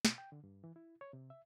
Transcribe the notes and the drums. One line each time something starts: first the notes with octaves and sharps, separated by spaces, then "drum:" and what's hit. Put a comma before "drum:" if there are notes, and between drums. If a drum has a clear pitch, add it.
B2, drum: snare
G5
D3
G2
E3
E4
C#5
C3
E5